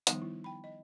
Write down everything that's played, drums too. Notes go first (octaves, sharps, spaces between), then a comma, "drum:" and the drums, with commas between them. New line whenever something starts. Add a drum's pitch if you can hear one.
D#3 F3 G3 B3 D#4, drum: hi-hat
E4
G5 B5
D#5